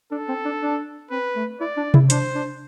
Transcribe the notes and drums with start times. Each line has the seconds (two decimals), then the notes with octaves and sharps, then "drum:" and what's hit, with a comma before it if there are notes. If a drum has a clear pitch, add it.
0.11 D4 A4
0.28 C4
0.45 D4
0.61 D4
1.11 C4 B4
1.36 A3
1.60 E4 D5
1.77 D4
1.94 E4, drum: tom C3
2.10 D4 C5, drum: hi-hat
2.35 D4